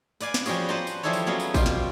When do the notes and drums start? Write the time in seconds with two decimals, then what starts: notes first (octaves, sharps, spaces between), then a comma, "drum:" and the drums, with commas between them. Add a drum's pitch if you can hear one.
0.20 B4 D5 F5 G#5, drum: tambourine
0.34 drum: snare
0.46 F3 G3 C#4 F#4 G#4, drum: tambourine
0.69 B4 C5 F#5 A5 A#5 C6
0.87 drum: tambourine
1.03 F3 G3 E4 G#4 A4 C#5
1.13 drum: tambourine
1.26 F#3 B3 C#4 F5
1.40 drum: tambourine
1.54 B2 F4 G4, drum: kick A1, tambourine
1.66 drum: snare